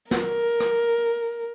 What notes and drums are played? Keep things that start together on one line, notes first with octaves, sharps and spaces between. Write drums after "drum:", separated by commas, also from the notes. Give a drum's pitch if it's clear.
A#4, drum: snare
drum: rim click